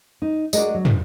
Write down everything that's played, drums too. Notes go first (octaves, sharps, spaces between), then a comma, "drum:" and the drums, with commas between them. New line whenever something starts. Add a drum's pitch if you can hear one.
D#4
G#3 D4 F#4 A#4 D#5, drum: tambourine
F#3
drum: tom